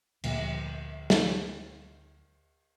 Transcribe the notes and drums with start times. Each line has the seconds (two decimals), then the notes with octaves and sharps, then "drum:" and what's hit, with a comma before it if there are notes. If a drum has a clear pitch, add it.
0.24 D2 A#2 F3 B3, drum: cymbal
1.10 drum: snare